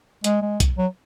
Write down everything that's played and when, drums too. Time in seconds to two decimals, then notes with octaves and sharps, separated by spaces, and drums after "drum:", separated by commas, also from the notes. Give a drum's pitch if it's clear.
0.24 G#3, drum: hi-hat
0.42 G#3
0.60 drum: kick B1, hi-hat
0.78 F#3